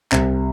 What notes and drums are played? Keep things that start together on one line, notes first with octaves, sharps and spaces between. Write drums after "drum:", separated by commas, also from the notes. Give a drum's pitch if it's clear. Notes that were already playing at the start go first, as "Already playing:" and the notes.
C2, drum: clap